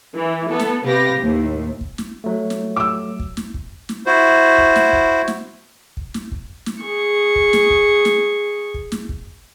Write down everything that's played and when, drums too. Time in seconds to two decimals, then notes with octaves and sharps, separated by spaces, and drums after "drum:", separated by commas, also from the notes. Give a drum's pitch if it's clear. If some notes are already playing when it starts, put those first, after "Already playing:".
0.13 E3
0.48 B3 A4
0.59 drum: snare
0.84 C3 G4 B4 F5 A#6
1.17 D#2 A2
1.81 drum: kick
1.98 drum: snare
2.24 F#3 A3
2.50 drum: snare
2.76 D6 E6
3.20 drum: kick
3.37 drum: snare
3.54 drum: kick
3.89 drum: snare
4.06 E4 F#4 C5
4.58 drum: kick
4.76 drum: snare
4.93 drum: kick
5.28 drum: snare
5.97 drum: kick
6.14 drum: snare
6.32 drum: kick
6.66 drum: snare
6.82 G#4 C#6
7.36 drum: kick
7.53 drum: snare
7.70 drum: kick
8.05 drum: snare
8.74 drum: kick
8.92 drum: snare
9.09 drum: kick